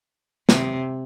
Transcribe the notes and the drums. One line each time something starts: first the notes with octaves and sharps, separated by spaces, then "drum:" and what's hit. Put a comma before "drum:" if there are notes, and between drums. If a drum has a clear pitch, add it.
C3, drum: snare